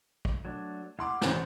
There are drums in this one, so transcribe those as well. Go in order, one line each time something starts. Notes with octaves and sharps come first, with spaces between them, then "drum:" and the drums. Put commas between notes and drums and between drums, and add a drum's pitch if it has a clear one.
drum: kick
F#3 A3 D4
A3 E4 F5 F#5 C6 D6
A1 C#4 C5 C#5 F#5 A5 G6, drum: snare